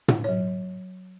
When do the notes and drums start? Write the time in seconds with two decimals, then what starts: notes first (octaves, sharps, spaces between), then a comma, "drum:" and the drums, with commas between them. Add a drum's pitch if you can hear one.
0.08 drum: tom
0.24 F#3 C#5